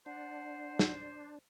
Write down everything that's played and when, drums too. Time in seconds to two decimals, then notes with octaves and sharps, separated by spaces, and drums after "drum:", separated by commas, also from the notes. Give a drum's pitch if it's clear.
0.06 D4 C5 F#5
0.79 drum: snare